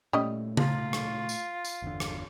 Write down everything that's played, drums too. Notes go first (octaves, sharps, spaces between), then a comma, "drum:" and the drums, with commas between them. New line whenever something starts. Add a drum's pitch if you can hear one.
A#2 G3 A3 C#4 D#5
F4, drum: tom C#3
drum: rim click
drum: tambourine
drum: tambourine
G1 E2 D3
drum: rim click